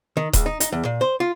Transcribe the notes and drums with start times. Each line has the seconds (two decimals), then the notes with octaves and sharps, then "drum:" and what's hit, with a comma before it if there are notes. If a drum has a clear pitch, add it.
0.17 D#3
0.33 C#2, drum: kick D#1, hi-hat
0.46 D#4
0.60 D#4, drum: hi-hat
0.72 E2
0.85 A#2
1.01 C5
1.20 F4